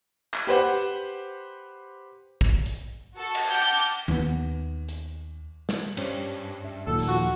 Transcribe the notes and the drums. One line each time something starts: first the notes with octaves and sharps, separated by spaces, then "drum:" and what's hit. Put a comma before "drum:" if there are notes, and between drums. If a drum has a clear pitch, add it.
drum: clap
G4 B4 C5 F#5
drum: kick
drum: hi-hat
F#4 A4
drum: cymbal
F#5 G5 A5 D6 F6 G6
D#2 B3, drum: tom D#3
drum: hi-hat
drum: snare
G2 G3 C#4 C5, drum: cymbal
E5
D#2 A#2 F#3 A4
drum: open hi-hat
D#3 F3 A3 F#4